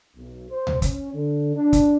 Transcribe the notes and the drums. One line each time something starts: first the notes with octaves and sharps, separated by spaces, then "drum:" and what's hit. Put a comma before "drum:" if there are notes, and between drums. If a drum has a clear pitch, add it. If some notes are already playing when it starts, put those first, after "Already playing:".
B1
C5
drum: tom D2
C#4, drum: kick, hi-hat
D3
D4
drum: kick, hi-hat